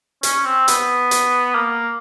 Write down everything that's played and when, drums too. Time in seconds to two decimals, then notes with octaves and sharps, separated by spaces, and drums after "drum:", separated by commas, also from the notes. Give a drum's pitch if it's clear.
0.23 C#4, drum: hi-hat
0.45 C4
0.68 B3, drum: hi-hat
1.11 drum: hi-hat
1.55 A#3